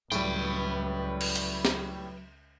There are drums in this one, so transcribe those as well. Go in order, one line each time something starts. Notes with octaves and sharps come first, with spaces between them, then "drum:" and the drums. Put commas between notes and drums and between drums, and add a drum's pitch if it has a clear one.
C#2 A2 F#3 G3 B4 G5, drum: tambourine
drum: cymbal
drum: hi-hat
drum: snare